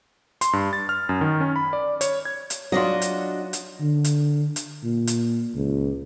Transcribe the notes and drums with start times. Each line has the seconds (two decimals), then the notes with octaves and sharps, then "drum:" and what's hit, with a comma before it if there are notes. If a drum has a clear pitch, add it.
0.41 C6, drum: hi-hat
0.53 G2
0.73 A6
0.89 F6
1.09 F#2
1.21 D#3
1.41 C#4
1.56 B5
1.73 D5
2.01 C#5, drum: hi-hat
2.25 G#6
2.50 drum: hi-hat
2.72 F#3 D4 F4 F#4 D#5
3.02 drum: hi-hat
3.53 drum: hi-hat
3.80 D3
4.04 drum: hi-hat
4.56 drum: hi-hat
4.84 A#2
5.07 drum: hi-hat
5.55 C#2